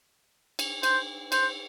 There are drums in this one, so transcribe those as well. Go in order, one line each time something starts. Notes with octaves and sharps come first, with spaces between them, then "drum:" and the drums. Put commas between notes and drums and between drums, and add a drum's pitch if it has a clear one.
drum: cymbal
C5, drum: cymbal
C5, drum: cymbal